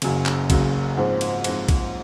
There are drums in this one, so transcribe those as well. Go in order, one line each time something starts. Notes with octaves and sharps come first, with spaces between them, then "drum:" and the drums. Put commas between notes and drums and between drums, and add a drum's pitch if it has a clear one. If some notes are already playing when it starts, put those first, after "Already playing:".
F#1 F#2 C#3, drum: cymbal
drum: clap
F#1 F#2 C#3, drum: kick A#1, cymbal
G#2 F3 C4
drum: cymbal
G#2 F3 C4, drum: cymbal
drum: kick A#1, cymbal